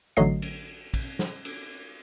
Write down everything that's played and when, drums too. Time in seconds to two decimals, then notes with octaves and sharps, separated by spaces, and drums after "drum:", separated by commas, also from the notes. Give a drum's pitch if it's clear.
0.17 A1 D3 F#3 A3 D#5 C7
0.42 drum: cymbal
0.94 drum: kick, cymbal
1.19 drum: snare
1.45 drum: cymbal